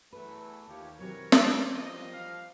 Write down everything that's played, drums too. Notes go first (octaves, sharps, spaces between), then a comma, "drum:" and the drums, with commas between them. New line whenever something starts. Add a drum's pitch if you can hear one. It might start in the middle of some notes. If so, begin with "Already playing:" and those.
E2 E3 F#3 A3 B4
D#2 F4 G4 C#5
C3 E3 F#3 A#4 C#5
D5, drum: snare
F3 G3 A#3 D#5
F5